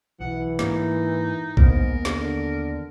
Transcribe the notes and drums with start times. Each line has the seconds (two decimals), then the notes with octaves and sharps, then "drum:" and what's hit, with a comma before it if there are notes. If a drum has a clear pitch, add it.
0.20 B1 E3 F#5
0.59 G#2 A#3 D#4, drum: snare
1.57 D#2 G#2 A#3 B3 A#4, drum: kick A#1
2.05 D3, drum: snare